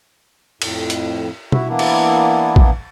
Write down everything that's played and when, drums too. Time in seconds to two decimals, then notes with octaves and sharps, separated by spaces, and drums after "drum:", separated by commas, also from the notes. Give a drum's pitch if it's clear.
0.62 F2 A2, drum: cymbal
0.90 drum: hi-hat
1.52 E4 F#4 E5, drum: tom B2
1.68 E3 A#3 B3 D4 E4
1.79 drum: cymbal
2.56 drum: kick A#1